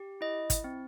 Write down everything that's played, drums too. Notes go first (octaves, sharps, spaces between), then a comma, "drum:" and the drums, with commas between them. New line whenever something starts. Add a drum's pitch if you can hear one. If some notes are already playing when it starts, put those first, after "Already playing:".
Already playing: G4
E4 D#5
drum: kick, hi-hat
C4